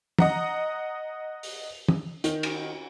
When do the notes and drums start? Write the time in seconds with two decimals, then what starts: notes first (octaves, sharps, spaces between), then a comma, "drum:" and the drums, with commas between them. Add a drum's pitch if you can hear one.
0.19 D#5 F#5 A#5, drum: tom
1.43 drum: open hi-hat
1.89 drum: tom
2.24 D#3, drum: hi-hat
2.43 drum: cymbal